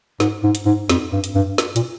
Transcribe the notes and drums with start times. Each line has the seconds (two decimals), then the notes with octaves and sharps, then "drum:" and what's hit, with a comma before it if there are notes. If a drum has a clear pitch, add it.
0.20 G#2, drum: snare
0.43 G#2
0.55 drum: hi-hat
0.66 G#2
0.89 F2, drum: snare
1.13 G2
1.24 drum: hi-hat
1.35 G2
1.58 drum: snare
1.76 A#2, drum: hi-hat